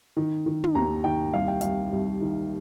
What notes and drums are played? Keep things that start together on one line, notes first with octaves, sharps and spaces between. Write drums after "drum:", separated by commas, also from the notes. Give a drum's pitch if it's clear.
D#3
D#3
drum: tom
D#2 A#5
D#3 G5
C2 F5
G5
C2 F5, drum: hi-hat
C2
D#3